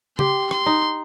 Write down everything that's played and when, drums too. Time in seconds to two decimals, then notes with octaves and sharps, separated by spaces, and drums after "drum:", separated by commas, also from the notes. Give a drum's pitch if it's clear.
0.19 G4 C6, drum: tom C#3
0.51 C6, drum: rim click
0.66 D#4